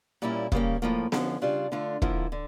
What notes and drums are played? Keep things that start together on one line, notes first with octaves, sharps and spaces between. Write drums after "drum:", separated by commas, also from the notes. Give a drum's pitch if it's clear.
A#2 G3 A#3 C#4 E4
C#3 G3 A#3 C#4, drum: kick
A2 F3 A#3
F2 D3 F3 C#4, drum: snare B3
C#3 G3 D4 F4
D3 A3 D4 F4
F2 D3 F3 A#3 E4, drum: kick
D3